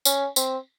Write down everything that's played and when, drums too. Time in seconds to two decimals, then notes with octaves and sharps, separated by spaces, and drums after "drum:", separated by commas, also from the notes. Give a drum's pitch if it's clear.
0.05 C#4, drum: tambourine
0.36 C4, drum: tambourine